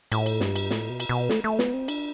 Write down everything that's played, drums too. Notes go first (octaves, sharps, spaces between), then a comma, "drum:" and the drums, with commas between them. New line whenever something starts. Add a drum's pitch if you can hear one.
A2, drum: cymbal
drum: cymbal
G2, drum: snare
drum: cymbal
A2, drum: snare
B2
drum: cymbal
B2
A3, drum: snare
A3
B3, drum: snare
C4
D4, drum: cymbal